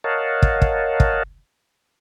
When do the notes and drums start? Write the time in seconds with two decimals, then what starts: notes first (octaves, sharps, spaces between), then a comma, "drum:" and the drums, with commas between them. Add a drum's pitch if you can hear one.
0.04 A#4 C#5 D#5 F5 F#5 A5
0.42 drum: kick
0.62 drum: kick
1.00 drum: kick